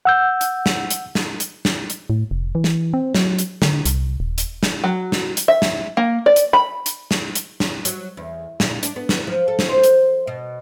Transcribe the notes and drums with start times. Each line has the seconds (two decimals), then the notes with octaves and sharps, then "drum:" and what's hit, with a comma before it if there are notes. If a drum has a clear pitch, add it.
0.05 F#5 E6 G6
0.41 drum: hi-hat
0.66 drum: snare
0.90 drum: hi-hat
1.15 drum: snare
1.40 drum: hi-hat
1.65 drum: snare
1.90 drum: hi-hat
2.10 A2
2.31 F1
2.55 E3
2.64 drum: snare
2.94 C4
3.15 F#3, drum: snare
3.39 drum: hi-hat
3.62 D3, drum: snare
3.86 C2, drum: hi-hat
4.20 D#1
4.38 drum: hi-hat
4.63 drum: snare
4.84 F#3
5.12 drum: snare
5.37 drum: hi-hat
5.48 E5
5.62 drum: snare
5.97 A#3
6.26 D5
6.36 drum: hi-hat
6.53 B5
6.86 drum: hi-hat
7.11 drum: snare
7.35 drum: hi-hat
7.60 drum: snare
7.85 F#3, drum: hi-hat
8.17 E2
8.60 A#2, drum: snare
8.83 D4, drum: hi-hat
8.96 B3
9.09 drum: snare
9.27 F3
9.48 A4
9.59 drum: snare
9.69 C5
9.84 drum: hi-hat
10.27 B2